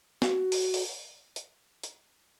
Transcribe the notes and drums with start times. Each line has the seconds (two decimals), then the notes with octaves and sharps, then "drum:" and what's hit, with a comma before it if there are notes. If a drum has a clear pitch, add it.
0.22 F#4, drum: snare
0.52 drum: open hi-hat
0.74 drum: open hi-hat
1.36 drum: hi-hat
1.83 drum: hi-hat